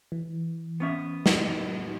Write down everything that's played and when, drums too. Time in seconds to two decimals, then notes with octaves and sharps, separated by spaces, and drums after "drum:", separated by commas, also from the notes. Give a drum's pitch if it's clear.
0.12 E3
0.80 B3 C#4 E5
1.26 drum: snare